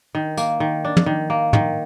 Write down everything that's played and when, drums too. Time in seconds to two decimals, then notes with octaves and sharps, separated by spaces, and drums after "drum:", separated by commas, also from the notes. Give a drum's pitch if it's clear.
0.15 D#3
0.37 A#3, drum: tambourine
0.60 D#3
0.85 D4
0.97 drum: tom
1.06 D#3
1.30 A#3
1.53 D#3, drum: tom